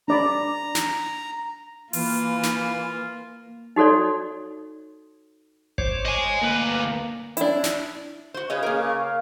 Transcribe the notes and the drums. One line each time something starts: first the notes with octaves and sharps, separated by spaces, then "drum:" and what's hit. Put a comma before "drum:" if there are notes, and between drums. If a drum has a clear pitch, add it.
D4 D5 A#5 B5
drum: snare
E3 A#3 F4, drum: open hi-hat
drum: snare
D#4 F#4 A4 C#5 D5
C5 C#5 D6, drum: kick G#1
D#5 G#5
D2 A#3 B4
D4 E4, drum: hi-hat
drum: snare
F#4 C5
C#3 G#4 B4 C#5 D#5
A#3 A#4
C#6
F5